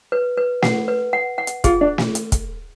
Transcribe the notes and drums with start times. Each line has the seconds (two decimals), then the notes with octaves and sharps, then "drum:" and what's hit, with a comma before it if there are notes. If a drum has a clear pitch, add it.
0.12 B4
0.37 B4
0.62 F#5, drum: snare
0.88 B4
1.13 F#5
1.38 F#5
1.47 drum: hi-hat
1.64 F4 G#4, drum: kick, hi-hat
1.81 D4
1.98 drum: snare
2.15 drum: hi-hat
2.32 drum: kick, hi-hat